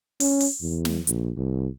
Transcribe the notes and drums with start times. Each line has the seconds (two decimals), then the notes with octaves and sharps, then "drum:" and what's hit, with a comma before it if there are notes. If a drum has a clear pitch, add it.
0.20 C#4, drum: open hi-hat
0.40 drum: open hi-hat
0.62 E2
0.85 drum: snare
1.07 A#1, drum: hi-hat
1.37 C2